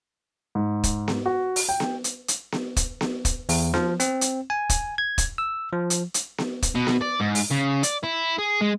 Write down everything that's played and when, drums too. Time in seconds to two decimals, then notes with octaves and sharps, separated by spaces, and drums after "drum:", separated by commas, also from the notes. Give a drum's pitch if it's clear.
0.55 G#2
0.84 drum: kick, hi-hat
1.08 drum: snare B3
1.26 F#4
1.56 drum: open hi-hat
1.69 G5
1.80 drum: snare B3
2.04 drum: hi-hat
2.28 drum: hi-hat
2.52 drum: snare B3
2.77 drum: kick, hi-hat
3.01 drum: snare B3
3.25 drum: kick, hi-hat
3.49 E2, drum: open hi-hat
3.74 F3, drum: snare B3
4.00 C4, drum: hi-hat
4.21 drum: hi-hat
4.50 G#5
4.69 drum: kick, hi-hat
4.98 G#6
5.18 drum: kick, hi-hat
5.38 E6
5.72 F3
5.90 drum: hi-hat
6.14 drum: hi-hat
6.38 drum: snare B3
6.62 drum: kick, hi-hat
6.75 B2
6.87 drum: snare B3
7.02 D5
7.21 G#2
7.35 drum: open hi-hat
7.51 C#3
7.83 D5, drum: hi-hat
8.04 E4
8.39 G#4
8.61 G#3